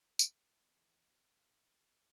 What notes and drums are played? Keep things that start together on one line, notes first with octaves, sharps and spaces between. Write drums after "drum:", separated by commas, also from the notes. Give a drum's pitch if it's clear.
drum: tambourine
D#3 B3 C4
E2 E3
F5